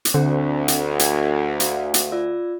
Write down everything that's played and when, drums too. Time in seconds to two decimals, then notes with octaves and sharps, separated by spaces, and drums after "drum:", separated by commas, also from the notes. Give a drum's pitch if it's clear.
0.05 drum: hi-hat
0.14 D2 D3 C4 D4 C5
0.68 drum: hi-hat
0.99 G#6, drum: hi-hat
1.60 F#4 F5, drum: hi-hat
1.94 drum: hi-hat
2.12 F4 D5 E6